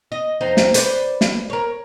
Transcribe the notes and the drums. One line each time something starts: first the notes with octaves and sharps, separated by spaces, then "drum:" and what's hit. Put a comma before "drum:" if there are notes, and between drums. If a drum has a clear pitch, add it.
D#5
F2 D#4 C5
drum: snare
B4 C5 D5, drum: hi-hat
drum: snare
A#4 C#5